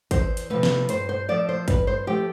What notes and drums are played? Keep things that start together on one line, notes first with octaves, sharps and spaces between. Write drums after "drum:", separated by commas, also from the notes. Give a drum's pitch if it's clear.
E2 C5, drum: kick, hi-hat
drum: hi-hat
C3 F3 A3 B4
drum: snare
G2 C5, drum: hi-hat
C5
F3 A3 D5
C5
G2 B4, drum: kick, hi-hat
C5
F3 A3 G4